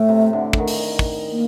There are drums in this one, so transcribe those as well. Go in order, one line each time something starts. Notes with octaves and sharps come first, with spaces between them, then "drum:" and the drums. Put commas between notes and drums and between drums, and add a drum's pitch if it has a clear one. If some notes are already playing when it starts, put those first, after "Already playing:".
Already playing: A2 A3
C3
D3
D3, drum: kick
D#3
drum: open hi-hat
drum: kick
A#3